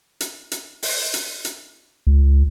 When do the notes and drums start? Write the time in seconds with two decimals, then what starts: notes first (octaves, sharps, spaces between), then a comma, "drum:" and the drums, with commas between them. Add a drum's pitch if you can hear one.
0.20 drum: hi-hat
0.52 drum: hi-hat
0.83 drum: open hi-hat
1.14 drum: hi-hat
1.45 drum: hi-hat
2.07 C#2